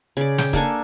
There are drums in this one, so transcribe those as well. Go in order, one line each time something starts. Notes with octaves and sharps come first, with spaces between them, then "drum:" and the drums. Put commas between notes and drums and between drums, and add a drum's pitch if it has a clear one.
C#3 D5
G5, drum: snare
A#3 D4 A4 G#5, drum: kick